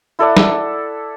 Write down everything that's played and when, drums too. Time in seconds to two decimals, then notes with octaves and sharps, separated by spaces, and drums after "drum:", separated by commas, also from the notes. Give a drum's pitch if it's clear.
0.19 E4 A4 D5 F#5
0.37 drum: snare